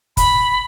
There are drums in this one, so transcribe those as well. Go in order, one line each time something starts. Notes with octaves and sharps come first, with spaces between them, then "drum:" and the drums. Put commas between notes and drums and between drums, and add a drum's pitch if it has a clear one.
B5, drum: kick, hi-hat